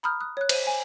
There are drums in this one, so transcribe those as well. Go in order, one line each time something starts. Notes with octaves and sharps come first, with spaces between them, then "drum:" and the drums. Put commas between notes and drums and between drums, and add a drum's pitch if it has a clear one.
A#5 B5 D#6 F6 G6
D#6 F#6
C#5 F#6
C5 D#7, drum: cymbal
G#5